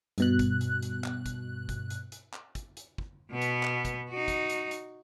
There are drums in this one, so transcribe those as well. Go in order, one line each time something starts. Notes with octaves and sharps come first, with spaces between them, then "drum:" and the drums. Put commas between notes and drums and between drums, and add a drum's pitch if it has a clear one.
G2 B2 F#6, drum: hi-hat
drum: kick, hi-hat
drum: hi-hat
drum: hi-hat
drum: clap
drum: kick, hi-hat
drum: kick, hi-hat
drum: hi-hat
drum: hi-hat
drum: clap
drum: kick, hi-hat
drum: hi-hat
drum: kick
B2 B3
drum: hi-hat
drum: clap
drum: kick, hi-hat
D#4 F#4
drum: kick, hi-hat
drum: hi-hat
drum: hi-hat